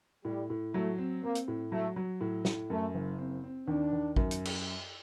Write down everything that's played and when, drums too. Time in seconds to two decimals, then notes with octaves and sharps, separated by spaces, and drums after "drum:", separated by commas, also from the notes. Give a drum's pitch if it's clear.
0.25 A2 G3
0.50 A2
0.74 F#3 A3
0.98 C4
1.23 A#3 C4
1.35 drum: hi-hat
1.48 A2
1.72 F#3 A3
1.96 F#3
2.21 A2
2.45 A2, drum: snare
2.70 F#2 A3
2.95 F#1
3.19 C4
3.44 C4
3.67 D#2 D4
3.92 D#2
4.16 F#2, drum: kick A1
4.31 drum: hi-hat
4.45 drum: cymbal